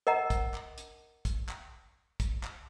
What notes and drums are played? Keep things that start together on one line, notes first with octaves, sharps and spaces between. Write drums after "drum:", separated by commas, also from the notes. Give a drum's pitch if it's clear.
A#4 D#5 F#5 A#5
drum: kick, hi-hat
drum: clap
drum: hi-hat
drum: kick, hi-hat
drum: clap
drum: kick, hi-hat
drum: clap